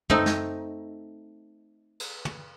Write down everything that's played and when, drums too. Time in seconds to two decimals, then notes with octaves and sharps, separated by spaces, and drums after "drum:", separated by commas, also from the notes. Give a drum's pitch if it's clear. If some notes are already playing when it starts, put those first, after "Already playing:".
0.10 A3 C4 D#4, drum: tom
0.26 drum: snare
2.00 drum: cymbal
2.25 drum: tom